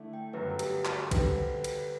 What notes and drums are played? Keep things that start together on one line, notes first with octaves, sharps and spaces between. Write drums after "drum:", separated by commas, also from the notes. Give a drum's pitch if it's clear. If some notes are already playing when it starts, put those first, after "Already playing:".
Already playing: D3 A3 E4
G5
G1 F#2 F#3 B4
A4
G4, drum: cymbal
F#4, drum: clap
D3 G3 C4 B4, drum: kick, cymbal
drum: cymbal